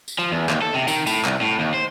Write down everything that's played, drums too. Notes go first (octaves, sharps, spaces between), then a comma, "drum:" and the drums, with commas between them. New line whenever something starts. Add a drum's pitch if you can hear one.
drum: tambourine
F3
E2
D#2, drum: clap
A4
C3
D#3, drum: tambourine
A2, drum: tambourine
C2, drum: clap
A2
D#2
C5